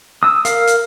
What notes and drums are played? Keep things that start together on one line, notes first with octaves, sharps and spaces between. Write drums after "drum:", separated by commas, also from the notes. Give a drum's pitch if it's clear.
D#6 E6
A#4 F5, drum: hi-hat
drum: hi-hat